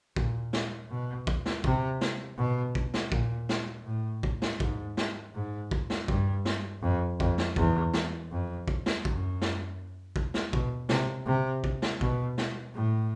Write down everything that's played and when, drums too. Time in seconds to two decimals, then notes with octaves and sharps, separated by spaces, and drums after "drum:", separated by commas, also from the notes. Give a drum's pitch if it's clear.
0.16 A#2, drum: kick
0.53 drum: snare
0.90 B2
1.27 drum: kick
1.46 drum: snare
1.64 C3, drum: kick
2.01 drum: snare
2.38 B2
2.75 drum: kick
2.94 drum: snare
3.12 A#2, drum: kick
3.49 drum: snare
3.86 A2
4.23 drum: kick
4.42 drum: snare
4.60 G#2, drum: kick
4.97 drum: snare
5.35 G#2
5.71 drum: kick
5.90 drum: snare
6.08 G2, drum: kick
6.45 drum: snare
6.82 F2
7.20 F2, drum: kick
7.38 drum: snare
7.56 E2, drum: kick
7.94 drum: snare
8.31 F2
8.68 drum: kick
8.86 drum: snare
9.05 F#2, drum: kick
9.42 drum: snare
10.16 drum: kick
10.34 drum: snare
10.53 B2, drum: kick
10.89 C3, drum: snare
11.26 C3
11.64 drum: kick
11.82 drum: snare
12.01 B2, drum: kick
12.38 drum: snare
12.75 A2